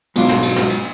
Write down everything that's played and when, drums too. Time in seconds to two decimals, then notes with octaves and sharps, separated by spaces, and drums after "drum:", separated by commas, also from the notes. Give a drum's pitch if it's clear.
0.16 G#2 B2 F#3 D4 F4, drum: cymbal
0.29 drum: snare
0.43 drum: cymbal
0.56 drum: snare
0.69 drum: cymbal